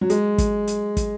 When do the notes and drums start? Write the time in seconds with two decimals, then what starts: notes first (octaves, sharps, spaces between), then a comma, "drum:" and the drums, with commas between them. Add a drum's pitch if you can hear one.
0.01 F#3
0.10 G#3, drum: hi-hat
0.38 drum: kick, hi-hat
0.67 drum: hi-hat
0.97 drum: kick, hi-hat